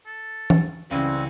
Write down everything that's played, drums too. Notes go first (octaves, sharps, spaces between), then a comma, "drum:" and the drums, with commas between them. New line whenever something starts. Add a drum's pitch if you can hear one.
A4
drum: tom
C#2 E3 G3 C4 C#4 F#4